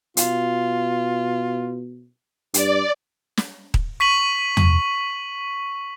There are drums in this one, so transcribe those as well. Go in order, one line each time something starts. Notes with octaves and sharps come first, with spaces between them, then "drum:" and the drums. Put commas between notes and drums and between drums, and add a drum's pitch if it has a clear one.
B2 F4, drum: hi-hat
G2 D5, drum: hi-hat
drum: snare
drum: kick D#1
C#6 B6 D#7 F#7
drum: tom E2